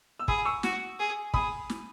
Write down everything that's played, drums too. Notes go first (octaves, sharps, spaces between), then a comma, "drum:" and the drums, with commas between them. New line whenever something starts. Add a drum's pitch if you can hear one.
E6
G#4 B5 D#6, drum: kick
C#6 E6
F#4, drum: snare
G#4
G#4 B5 D#6, drum: kick
drum: snare